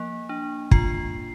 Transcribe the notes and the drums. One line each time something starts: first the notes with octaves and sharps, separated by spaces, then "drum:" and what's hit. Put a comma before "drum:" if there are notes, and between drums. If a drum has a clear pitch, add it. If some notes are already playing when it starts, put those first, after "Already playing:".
Already playing: F3 A#3
D4
F4 C7, drum: kick